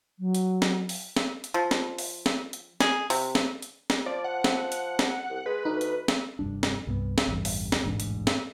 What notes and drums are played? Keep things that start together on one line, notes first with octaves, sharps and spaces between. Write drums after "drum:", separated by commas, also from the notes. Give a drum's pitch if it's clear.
F#3
drum: hi-hat
drum: snare
drum: open hi-hat
drum: snare
drum: hi-hat
F3
drum: snare
drum: open hi-hat
drum: snare
drum: hi-hat
G#4, drum: snare
C3, drum: open hi-hat
drum: snare
drum: hi-hat
drum: snare
F3 D5
F#5
drum: snare
drum: hi-hat
drum: snare
C2
G#3 B4
D2 D#4
drum: hi-hat
drum: snare
F1 G2 D4
drum: snare
C2 G2 B3
drum: snare
A1 E2 G2
drum: open hi-hat
drum: snare
E1 A1 G#2 D4
drum: hi-hat
drum: snare